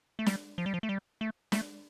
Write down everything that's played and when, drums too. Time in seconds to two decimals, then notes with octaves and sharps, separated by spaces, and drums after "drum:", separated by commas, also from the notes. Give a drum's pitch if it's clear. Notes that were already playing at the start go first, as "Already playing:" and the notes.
0.19 A3
0.26 G3, drum: snare
0.58 F3
0.66 G3
0.74 F3
0.83 A3
0.89 G3
1.21 A3
1.52 A3, drum: snare